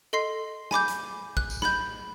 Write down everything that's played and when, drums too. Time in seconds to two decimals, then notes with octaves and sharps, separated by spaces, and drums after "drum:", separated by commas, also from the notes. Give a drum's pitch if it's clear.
0.13 A4 D#5 C6 C7
0.71 G#5 B5 D6 G6, drum: snare
0.88 drum: hi-hat
1.37 F#6, drum: kick
1.50 drum: tambourine
1.62 B5 G6, drum: snare